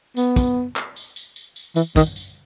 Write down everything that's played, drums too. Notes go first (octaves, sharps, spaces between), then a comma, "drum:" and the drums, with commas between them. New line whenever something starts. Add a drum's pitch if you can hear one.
B3, drum: tambourine
drum: kick, tambourine
drum: clap
drum: tambourine
drum: tambourine
drum: tambourine
drum: tambourine
E3, drum: tambourine
D#3, drum: kick, tambourine
drum: tambourine